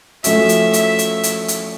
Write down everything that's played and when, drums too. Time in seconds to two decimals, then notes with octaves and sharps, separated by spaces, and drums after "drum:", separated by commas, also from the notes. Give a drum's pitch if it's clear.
0.24 F3 A3 C#4 F#4 E5, drum: hi-hat
0.49 drum: hi-hat
0.73 E5, drum: hi-hat
0.99 drum: hi-hat
1.23 drum: hi-hat
1.48 drum: hi-hat